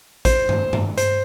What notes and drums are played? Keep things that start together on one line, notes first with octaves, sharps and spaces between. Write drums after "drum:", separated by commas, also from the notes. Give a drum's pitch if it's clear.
C5, drum: kick A1, hi-hat
drum: tom G2
drum: tom G2
C5, drum: hi-hat